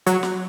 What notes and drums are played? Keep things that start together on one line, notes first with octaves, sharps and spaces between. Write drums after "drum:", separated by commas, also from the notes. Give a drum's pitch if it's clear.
F#3, drum: hi-hat
drum: snare